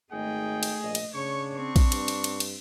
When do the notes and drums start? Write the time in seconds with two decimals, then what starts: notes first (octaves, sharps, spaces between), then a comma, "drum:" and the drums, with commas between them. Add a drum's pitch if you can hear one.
0.12 G#1 A3 D#4 G#4 G5
0.63 drum: cymbal
0.83 A#1 D#5
0.95 drum: cymbal
1.14 C#3 D4 C#5 C#6
1.56 C4 C#6
1.76 drum: kick A#1, cymbal
1.92 G2, drum: cymbal
2.08 drum: cymbal
2.24 drum: cymbal
2.40 drum: cymbal